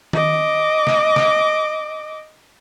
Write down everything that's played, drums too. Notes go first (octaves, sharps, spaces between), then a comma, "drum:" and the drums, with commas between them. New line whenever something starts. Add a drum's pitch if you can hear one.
D#5 D6, drum: tom D#3
drum: snare
drum: snare